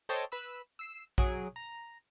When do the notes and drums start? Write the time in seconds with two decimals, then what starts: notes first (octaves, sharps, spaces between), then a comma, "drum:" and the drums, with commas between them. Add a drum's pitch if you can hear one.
0.09 A4 C5 C#5 D#5 G5 A5
0.32 B4 B5 E6
0.79 E6 C7 E7
1.18 F#3 G#4 D7, drum: kick A#1
1.56 A#5